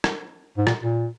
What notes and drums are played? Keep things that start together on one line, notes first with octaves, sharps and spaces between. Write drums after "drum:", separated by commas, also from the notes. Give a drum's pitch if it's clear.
drum: rim click
G#2
A#2, drum: rim click
A#2